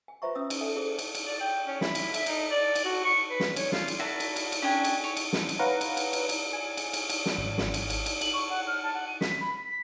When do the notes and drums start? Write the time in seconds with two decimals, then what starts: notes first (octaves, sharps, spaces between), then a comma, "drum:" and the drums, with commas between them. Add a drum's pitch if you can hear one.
0.08 G#5
0.22 F4 B4 C5 E5 A#5 C#6
0.35 C#4 E5 D#6 E6
0.50 drum: cymbal
0.61 A4 E5 G#5
0.76 E4 G#4 A4 C5
0.99 drum: cymbal
1.15 drum: cymbal
1.27 D5
1.40 G5
1.67 C#4
1.81 E4, drum: snare
1.95 drum: cymbal
2.14 E5, drum: cymbal
2.26 D#4, drum: cymbal
2.51 D5
2.75 drum: cymbal
2.85 F#4
3.04 C#6
3.30 B4
3.40 drum: snare
3.56 C#5, drum: cymbal
3.72 F4, drum: snare
3.88 drum: cymbal
3.99 E4 F#4 A#4 A5
4.20 drum: cymbal
4.36 drum: cymbal
4.52 drum: cymbal
4.62 C#4 D4 G5 G#5
4.84 drum: cymbal
5.04 C#5
5.17 drum: cymbal
5.33 drum: snare
5.49 drum: cymbal
5.59 B4 C#5 F5 F#5 A#5
5.81 drum: cymbal
5.97 drum: cymbal
6.13 drum: cymbal
6.29 drum: cymbal
6.53 G#5
6.77 drum: cymbal
6.93 drum: cymbal
7.10 drum: cymbal
7.26 drum: snare
7.38 G#1
7.58 drum: snare
7.74 drum: cymbal
7.90 drum: cymbal
8.06 drum: cymbal
8.21 F#7, drum: cymbal
8.33 C#6
8.50 F#5
8.67 F6
8.83 A5
8.94 F#5
9.08 D#7
9.21 B6, drum: snare
9.41 B5
9.56 B6
9.68 B6